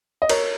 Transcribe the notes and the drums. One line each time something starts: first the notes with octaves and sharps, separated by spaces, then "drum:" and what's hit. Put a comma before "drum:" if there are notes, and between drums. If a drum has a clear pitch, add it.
D#5
A#4 C#5, drum: cymbal